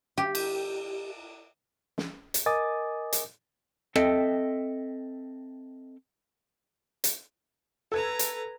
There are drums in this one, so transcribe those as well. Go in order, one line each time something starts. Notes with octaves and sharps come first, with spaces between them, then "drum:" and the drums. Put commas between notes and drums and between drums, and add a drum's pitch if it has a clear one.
G4
drum: cymbal
drum: snare
drum: hi-hat
A#4 D#5 G#5 D6 D#6 A6
drum: hi-hat
C4 A4 D#5 E5 G5, drum: rim click
drum: hi-hat
A4 B4 A#5 G#6 E7
drum: hi-hat